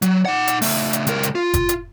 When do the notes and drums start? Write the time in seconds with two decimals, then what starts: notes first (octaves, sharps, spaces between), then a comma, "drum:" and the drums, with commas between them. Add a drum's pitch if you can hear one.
0.02 F#3, drum: hi-hat
0.26 D#4 F#5
0.48 drum: hi-hat
0.62 C#3 A3, drum: open hi-hat
0.93 drum: hi-hat
1.07 C#2 A#4, drum: hi-hat
1.23 drum: hi-hat
1.35 F4
1.54 drum: kick F#1, hi-hat
1.69 drum: hi-hat